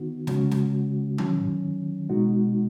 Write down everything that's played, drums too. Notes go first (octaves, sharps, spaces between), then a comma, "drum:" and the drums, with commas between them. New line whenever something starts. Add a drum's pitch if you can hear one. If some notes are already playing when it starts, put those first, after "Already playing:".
Already playing: D#3 B3 D#4 F#4
C#3 G#3 C#4 F#4, drum: snare
drum: snare
D#3 F#3 C#4, drum: tom D#3
B2 G#3 D#4 F#4